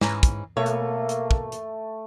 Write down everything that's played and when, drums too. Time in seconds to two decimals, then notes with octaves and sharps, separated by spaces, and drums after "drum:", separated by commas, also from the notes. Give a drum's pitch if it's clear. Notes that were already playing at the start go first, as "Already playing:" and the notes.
0.01 G#2 E3 C#4 A#5, drum: snare
0.23 drum: kick, hi-hat
0.57 B2 A3 A#3 C#5
0.66 drum: hi-hat
1.09 drum: hi-hat
1.31 drum: kick
1.52 drum: hi-hat